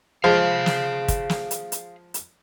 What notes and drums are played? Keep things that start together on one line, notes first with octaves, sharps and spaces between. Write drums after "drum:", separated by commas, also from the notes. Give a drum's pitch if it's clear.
F3 G#3 G#4 F5
drum: snare
drum: kick, hi-hat
drum: snare
drum: hi-hat
drum: hi-hat
drum: hi-hat